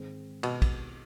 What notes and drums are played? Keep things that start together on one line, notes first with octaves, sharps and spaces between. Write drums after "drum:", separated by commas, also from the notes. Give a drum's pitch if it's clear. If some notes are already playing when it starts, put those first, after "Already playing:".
Already playing: G#2 D#3 G#3 C4
B2, drum: cymbal
drum: kick, cymbal